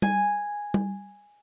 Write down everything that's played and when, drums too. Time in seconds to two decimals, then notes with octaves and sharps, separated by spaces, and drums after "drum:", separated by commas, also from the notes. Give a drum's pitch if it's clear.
0.02 G#5, drum: tom G3
0.74 drum: tom G3